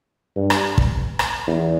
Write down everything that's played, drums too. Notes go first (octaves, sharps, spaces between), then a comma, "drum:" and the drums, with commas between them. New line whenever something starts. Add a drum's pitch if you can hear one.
G2
drum: rim click
drum: kick
drum: rim click
E2